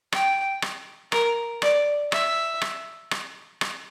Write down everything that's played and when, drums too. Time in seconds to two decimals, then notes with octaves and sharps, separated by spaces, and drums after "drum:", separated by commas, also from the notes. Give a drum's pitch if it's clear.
0.12 G5, drum: rim click
0.62 drum: rim click
1.12 A#4, drum: rim click
1.62 D5, drum: rim click
2.12 E5, drum: rim click
2.61 drum: rim click
3.11 drum: rim click
3.61 drum: rim click